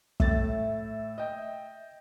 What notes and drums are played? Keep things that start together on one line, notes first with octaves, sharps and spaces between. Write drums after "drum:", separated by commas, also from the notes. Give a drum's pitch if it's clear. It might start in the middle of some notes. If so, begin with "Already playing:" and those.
A2 A3 E5 A6, drum: kick
D#5 G5